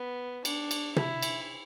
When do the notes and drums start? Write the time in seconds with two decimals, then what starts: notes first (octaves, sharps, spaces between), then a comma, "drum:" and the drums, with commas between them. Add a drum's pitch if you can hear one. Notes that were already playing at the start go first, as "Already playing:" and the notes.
Already playing: B3
0.45 D4, drum: cymbal
0.71 drum: cymbal
0.96 E4, drum: tom
1.22 drum: cymbal